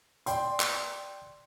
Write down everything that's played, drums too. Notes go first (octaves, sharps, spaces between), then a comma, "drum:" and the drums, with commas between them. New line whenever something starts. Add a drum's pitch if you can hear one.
D5 G5 C6, drum: hi-hat
drum: clap